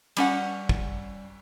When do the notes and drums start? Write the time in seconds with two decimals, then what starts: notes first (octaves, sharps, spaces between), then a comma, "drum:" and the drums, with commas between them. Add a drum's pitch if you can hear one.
0.17 G3 C#4 F#5, drum: cymbal
0.69 drum: kick